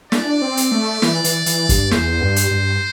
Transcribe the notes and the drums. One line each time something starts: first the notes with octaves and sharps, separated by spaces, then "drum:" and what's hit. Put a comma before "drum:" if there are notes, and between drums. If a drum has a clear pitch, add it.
D4 D5, drum: snare
C4
drum: hi-hat
A3
E3, drum: snare
E3, drum: hi-hat
E3, drum: hi-hat
G2, drum: kick, hi-hat
E2 C5, drum: snare
G2
drum: hi-hat
G2